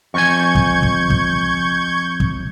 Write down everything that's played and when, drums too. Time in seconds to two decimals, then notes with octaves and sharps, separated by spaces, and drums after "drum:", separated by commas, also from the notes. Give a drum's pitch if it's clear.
0.14 F2 G#5 C#6 G6 G#6
0.55 drum: kick
0.83 drum: kick
1.10 drum: kick
2.20 drum: kick